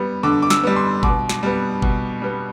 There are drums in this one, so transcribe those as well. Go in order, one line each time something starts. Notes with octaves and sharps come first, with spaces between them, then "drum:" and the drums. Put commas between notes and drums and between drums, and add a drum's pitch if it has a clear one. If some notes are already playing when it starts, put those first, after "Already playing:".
Already playing: G3 B3
D3 D6
D6
E6, drum: snare
G3 B3
C6
B2 D6, drum: kick
drum: snare
G3 B3
B2, drum: kick
G3 B3